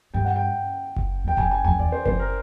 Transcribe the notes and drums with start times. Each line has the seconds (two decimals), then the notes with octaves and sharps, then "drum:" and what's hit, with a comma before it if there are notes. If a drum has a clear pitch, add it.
0.14 G2 G5
0.25 F#5
0.36 G5
0.96 drum: kick F#1
1.24 E2
1.28 G5
1.37 F2 G#5, drum: kick F#1
1.51 G#5
1.64 F2 G#5
1.79 E2 D5
1.92 C5
2.05 F2 C5, drum: kick F#1
2.19 A#4